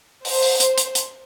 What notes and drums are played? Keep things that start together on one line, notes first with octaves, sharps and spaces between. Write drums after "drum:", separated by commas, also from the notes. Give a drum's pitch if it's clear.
C5, drum: open hi-hat
drum: open hi-hat
drum: hi-hat
drum: hi-hat
drum: hi-hat